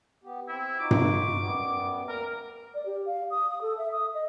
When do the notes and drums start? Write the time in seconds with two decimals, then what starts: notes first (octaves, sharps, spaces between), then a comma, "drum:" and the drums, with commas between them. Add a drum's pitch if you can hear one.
0.24 B3 G4
0.48 C4 E4
0.80 D#4 F4 F#4 D6
0.91 drum: tom G2
1.39 F#2 G3 B3
2.09 D2 A#3 A#4 A#5
2.75 D5
2.86 G4
3.06 F5
3.31 D#6
3.50 D#6
3.62 A4
3.78 E5
3.92 D#6
4.14 D#5